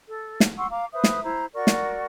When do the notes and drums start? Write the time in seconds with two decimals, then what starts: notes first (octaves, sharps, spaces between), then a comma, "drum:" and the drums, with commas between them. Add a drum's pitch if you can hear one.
0.09 A4
0.40 drum: snare
0.58 F#5 C6 C#6 E6
0.70 F5 A#5 D6
0.93 B4 C5 E5 D#6
1.04 drum: snare
1.23 E4 C5 A#5
1.55 F#4 A#4 D5 C#6
1.67 drum: snare